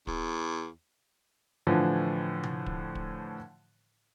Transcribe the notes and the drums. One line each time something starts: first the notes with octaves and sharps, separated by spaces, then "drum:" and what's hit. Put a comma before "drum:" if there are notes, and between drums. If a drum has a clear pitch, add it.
E2, drum: kick
A2 D3 E3 F3
drum: tom C3
drum: kick
drum: kick